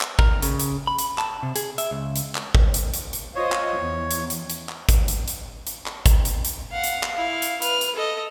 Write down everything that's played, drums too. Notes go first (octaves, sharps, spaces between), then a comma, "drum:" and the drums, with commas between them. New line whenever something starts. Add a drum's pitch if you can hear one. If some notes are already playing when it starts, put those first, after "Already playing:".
drum: clap
A#4, drum: kick G#1
C#3, drum: hi-hat
drum: hi-hat
B5
drum: hi-hat
A5, drum: clap
C3
G#4, drum: hi-hat
E5, drum: hi-hat
C#2
drum: hi-hat
drum: clap
drum: kick G#1
drum: hi-hat
drum: hi-hat
drum: hi-hat
F4 C5 C#5 D#5
drum: clap
E2
drum: hi-hat
drum: hi-hat
drum: hi-hat
drum: clap
drum: kick G#1, hi-hat
drum: hi-hat
drum: hi-hat
drum: hi-hat
drum: clap
drum: kick G#1, hi-hat
drum: hi-hat
drum: hi-hat
F5 F#5
drum: hi-hat
drum: clap
E4 F5
drum: hi-hat
B4 F6, drum: hi-hat
drum: hi-hat
A4 D#5